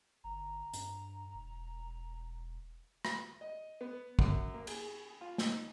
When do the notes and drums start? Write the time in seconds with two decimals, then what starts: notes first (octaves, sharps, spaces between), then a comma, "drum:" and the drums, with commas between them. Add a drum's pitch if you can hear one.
0.24 G1 A#5
0.73 G2, drum: hi-hat
1.34 E1
3.05 drum: rim click
3.41 D#5
3.81 B3
4.19 F#2, drum: kick
4.54 A#3
4.67 G#4, drum: cymbal
5.21 F4
5.38 D#4, drum: snare